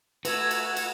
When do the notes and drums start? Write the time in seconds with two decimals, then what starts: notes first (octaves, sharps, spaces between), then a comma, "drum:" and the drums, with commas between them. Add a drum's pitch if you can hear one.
0.25 A3 F#4 B4 E6 G#6, drum: cymbal
0.51 drum: cymbal
0.76 drum: cymbal